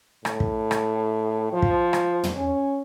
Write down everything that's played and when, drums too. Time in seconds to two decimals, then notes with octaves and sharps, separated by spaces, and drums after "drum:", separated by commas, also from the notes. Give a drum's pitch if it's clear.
0.25 A2, drum: rim click
0.40 drum: kick
0.71 drum: rim click
1.53 F3
1.62 drum: kick
1.93 drum: rim click
2.23 drum: tom
2.37 C#4